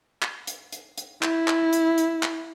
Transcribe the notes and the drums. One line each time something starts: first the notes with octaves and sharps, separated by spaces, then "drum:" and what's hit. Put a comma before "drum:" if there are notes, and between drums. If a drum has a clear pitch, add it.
drum: clap
drum: hi-hat
drum: hi-hat
drum: hi-hat
E4, drum: clap
drum: clap
drum: hi-hat
drum: hi-hat
drum: clap